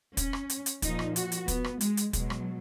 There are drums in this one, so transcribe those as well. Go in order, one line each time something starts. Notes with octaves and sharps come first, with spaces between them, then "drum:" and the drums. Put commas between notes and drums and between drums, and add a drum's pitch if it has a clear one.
C#4, drum: kick, hi-hat
drum: rim click
drum: hi-hat
drum: hi-hat
A#2 F3 D#4, drum: kick, hi-hat
drum: rim click
F#4, drum: hi-hat
drum: hi-hat
B3, drum: kick, hi-hat
drum: rim click
G#3, drum: hi-hat
drum: hi-hat
B2 F#3 G#3, drum: kick, hi-hat
drum: rim click